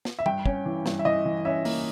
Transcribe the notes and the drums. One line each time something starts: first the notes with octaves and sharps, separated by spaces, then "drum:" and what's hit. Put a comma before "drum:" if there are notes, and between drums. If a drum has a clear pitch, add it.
drum: snare
E5
G2 G5, drum: tom
C#4, drum: kick
E3
G2, drum: snare
E5
E3 D#5
E3
C#4 E5
A#3, drum: open hi-hat